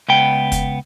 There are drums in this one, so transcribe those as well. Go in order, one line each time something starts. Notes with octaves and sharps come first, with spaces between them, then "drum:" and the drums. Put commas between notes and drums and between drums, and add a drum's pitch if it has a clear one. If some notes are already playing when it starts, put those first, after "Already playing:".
C#2 B3 G5
drum: kick, hi-hat